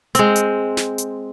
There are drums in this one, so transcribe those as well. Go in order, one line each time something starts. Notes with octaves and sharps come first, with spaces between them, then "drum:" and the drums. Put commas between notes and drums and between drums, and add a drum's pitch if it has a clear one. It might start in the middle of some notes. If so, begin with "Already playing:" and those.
G#3 C4, drum: hi-hat
drum: hi-hat
drum: snare
drum: hi-hat